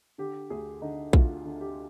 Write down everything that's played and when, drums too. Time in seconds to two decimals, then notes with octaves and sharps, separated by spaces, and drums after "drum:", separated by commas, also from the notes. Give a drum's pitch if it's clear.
0.18 D3 G4
0.50 D2 G#4
0.82 D3 D#4
1.13 D2 F4, drum: kick A#1
1.45 D3
1.61 G4